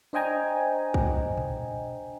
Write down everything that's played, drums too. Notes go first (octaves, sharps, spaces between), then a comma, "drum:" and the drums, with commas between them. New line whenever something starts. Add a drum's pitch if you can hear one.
D4 C5 D#5 G5 G#5 A#5
drum: kick A#1
drum: tom A#2